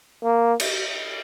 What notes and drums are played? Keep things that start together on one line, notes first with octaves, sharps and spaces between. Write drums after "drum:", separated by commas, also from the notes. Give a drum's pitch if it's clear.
A#3
drum: cymbal